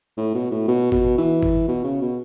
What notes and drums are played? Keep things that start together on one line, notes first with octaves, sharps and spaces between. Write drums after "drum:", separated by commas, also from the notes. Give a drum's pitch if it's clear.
A2
B2
A2
B2
B2, drum: kick G1
E3
drum: kick G1
B2
C#3
B2